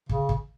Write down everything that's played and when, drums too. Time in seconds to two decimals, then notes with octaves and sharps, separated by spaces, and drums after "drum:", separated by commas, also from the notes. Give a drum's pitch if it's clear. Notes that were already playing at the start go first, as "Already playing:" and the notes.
0.09 C#3, drum: kick
0.29 drum: kick